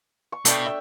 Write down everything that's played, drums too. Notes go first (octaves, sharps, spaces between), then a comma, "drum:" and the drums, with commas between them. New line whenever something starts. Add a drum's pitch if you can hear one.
C#6
B2 A3 D4 G5, drum: hi-hat
E5